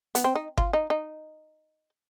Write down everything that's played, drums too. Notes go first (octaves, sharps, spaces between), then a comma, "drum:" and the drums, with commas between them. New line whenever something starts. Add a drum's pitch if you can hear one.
B3, drum: hi-hat
C4
D#4
F4, drum: kick G1
D#4
D#4